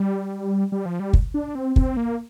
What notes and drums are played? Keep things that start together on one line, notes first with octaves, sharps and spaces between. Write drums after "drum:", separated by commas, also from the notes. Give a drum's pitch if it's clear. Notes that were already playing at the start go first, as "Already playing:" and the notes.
Already playing: G3
G3
F3
G3
drum: kick
D4
C4
C4, drum: kick
A#3